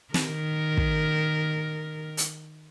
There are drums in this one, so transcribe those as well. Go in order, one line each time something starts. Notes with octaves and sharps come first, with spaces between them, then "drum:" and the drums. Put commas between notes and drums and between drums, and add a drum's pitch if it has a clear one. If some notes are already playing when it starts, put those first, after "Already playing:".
D#3 A#4, drum: snare
drum: kick
drum: hi-hat